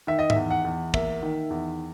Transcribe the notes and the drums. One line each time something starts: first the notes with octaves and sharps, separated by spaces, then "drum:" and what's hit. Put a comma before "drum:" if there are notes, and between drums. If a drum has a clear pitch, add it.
D#3 E5
D#5
E5, drum: tom G#2
E2
F#5
E2
A#3 E5, drum: kick
D#3
E2